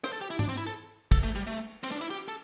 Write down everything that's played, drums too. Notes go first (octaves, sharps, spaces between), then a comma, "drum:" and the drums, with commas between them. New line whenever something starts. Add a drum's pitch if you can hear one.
C5, drum: rim click
A4
G4
E4
D4, drum: tom G#2
C4
E4
A4
A4, drum: kick, cymbal
A3
G3
A3
C4, drum: cymbal
D4
E4
G4
A4